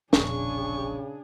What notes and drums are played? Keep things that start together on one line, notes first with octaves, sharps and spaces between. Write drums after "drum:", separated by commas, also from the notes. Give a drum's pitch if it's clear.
E1 A#1 C#3 D4 G#4 C#6, drum: snare